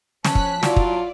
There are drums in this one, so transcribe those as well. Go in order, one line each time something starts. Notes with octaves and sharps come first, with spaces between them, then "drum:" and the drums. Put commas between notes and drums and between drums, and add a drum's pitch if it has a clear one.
F3 C#4 A5 F#6 B6, drum: snare
drum: kick
F#3 E4 F4 D5, drum: snare
drum: kick